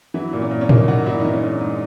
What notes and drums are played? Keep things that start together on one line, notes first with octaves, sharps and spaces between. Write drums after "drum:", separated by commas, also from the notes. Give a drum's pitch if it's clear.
E3 F#3 E4
A#2
C#4
A#2
C#4
A#3 D#4, drum: tom
F#3 F#4
A#2 E4
D#4
E3
C#4
G#2 D#4
G#2